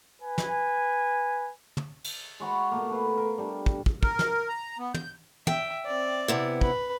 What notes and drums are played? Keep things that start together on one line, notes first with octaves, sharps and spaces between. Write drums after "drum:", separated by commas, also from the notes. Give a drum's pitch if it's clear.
B4 G#5
drum: snare
drum: tom
drum: cymbal
G#3 F#4 B5 C#6
B2 A3 A#3
A4 B4 F5
A#4
G3 A3 D4
drum: kick
drum: kick
A#4, drum: kick
drum: snare
A#5
B3
G6, drum: tom
E5 G5, drum: tom
C4 D5
C3 B3 E4
B4, drum: kick